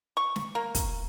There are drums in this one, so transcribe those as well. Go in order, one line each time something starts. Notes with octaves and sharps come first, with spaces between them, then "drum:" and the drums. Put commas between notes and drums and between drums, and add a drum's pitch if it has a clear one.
C#6
drum: snare
A#3
drum: kick, hi-hat